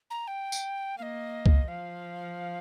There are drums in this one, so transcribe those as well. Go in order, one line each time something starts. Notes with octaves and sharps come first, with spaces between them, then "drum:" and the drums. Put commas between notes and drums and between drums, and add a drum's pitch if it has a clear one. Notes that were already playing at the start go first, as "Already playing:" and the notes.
A#5
G5
drum: tambourine
A#3 D#5 F5
drum: kick
F3 F5